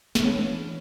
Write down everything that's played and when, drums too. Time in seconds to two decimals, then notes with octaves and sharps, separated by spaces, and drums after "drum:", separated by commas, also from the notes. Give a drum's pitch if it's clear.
0.15 E3 B3 C#4 D4 B4, drum: snare